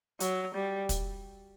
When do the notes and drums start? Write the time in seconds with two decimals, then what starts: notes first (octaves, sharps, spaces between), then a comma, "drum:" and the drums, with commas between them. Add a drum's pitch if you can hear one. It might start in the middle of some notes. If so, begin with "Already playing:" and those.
0.20 F#3, drum: hi-hat
0.55 G3
0.89 drum: kick, hi-hat